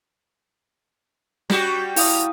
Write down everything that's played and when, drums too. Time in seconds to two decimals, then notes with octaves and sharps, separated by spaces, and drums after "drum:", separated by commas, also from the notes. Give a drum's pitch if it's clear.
1.50 G3 F#4 G4, drum: snare
1.96 E4 F5 D#6, drum: open hi-hat